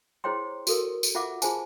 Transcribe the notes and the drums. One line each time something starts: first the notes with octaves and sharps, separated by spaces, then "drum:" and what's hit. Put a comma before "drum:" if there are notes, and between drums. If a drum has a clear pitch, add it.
E4 G#4 C5 C#5 G5 C6
F#4 A4 A#4, drum: tambourine
drum: tambourine
F4 E5 F#5 D6
F4 G#4 C5 G#5 A5, drum: tambourine